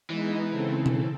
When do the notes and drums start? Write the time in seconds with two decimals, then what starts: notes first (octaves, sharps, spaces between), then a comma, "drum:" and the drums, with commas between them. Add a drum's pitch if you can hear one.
0.10 E3 G#3 B3 D#4
0.51 C#3 C4 A4
0.86 drum: tom B2